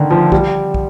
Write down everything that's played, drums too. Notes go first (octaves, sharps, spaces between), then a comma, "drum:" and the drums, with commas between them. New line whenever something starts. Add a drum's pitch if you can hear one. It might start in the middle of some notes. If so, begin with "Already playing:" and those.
Already playing: D3 D#3
F3
G3, drum: kick
drum: kick